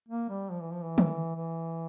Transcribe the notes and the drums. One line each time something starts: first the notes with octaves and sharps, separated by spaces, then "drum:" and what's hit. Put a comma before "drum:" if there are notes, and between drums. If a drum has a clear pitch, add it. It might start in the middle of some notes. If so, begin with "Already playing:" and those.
A#3
G3
F3
E3
F3
E3
drum: tom
E3